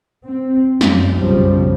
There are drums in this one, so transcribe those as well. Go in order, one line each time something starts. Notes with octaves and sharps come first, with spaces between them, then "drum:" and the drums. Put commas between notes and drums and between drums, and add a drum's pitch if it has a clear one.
C4
F#2, drum: snare
B1 F#2 C#3 F3 G3